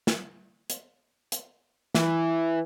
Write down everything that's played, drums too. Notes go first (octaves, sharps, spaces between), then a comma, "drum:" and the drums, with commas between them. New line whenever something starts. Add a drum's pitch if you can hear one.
drum: snare
drum: hi-hat
drum: hi-hat
E3, drum: snare